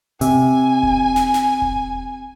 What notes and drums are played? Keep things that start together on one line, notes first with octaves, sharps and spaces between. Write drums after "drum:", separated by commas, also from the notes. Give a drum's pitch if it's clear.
C3 G#5, drum: hi-hat
drum: kick E1
drum: snare
drum: snare
drum: kick E1